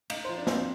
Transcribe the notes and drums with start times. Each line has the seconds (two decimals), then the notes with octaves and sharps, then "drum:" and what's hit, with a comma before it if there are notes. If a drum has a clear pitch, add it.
0.10 D#4 F5, drum: cymbal
0.25 F3 C5
0.38 D4
0.47 F3 C4, drum: snare